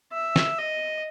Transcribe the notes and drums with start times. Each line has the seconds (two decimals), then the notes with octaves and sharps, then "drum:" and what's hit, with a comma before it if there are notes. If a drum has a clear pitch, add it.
0.12 E5
0.36 drum: snare
0.58 D#5